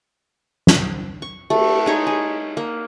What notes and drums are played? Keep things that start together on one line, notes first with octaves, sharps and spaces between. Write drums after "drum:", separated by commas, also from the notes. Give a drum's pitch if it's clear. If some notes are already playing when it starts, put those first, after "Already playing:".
drum: snare
C#6
A3, drum: cymbal
G#3 D#4 C#5
G#4
A#3